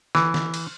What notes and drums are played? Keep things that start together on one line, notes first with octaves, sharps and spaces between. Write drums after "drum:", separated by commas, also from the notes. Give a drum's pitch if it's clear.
E3, drum: snare
drum: snare
drum: cymbal